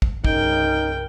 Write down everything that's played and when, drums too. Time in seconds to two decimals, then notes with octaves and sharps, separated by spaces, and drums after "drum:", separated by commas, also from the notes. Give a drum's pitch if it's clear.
0.02 drum: kick
0.24 C2 G2 C#3 D#4 A#4 G5, drum: kick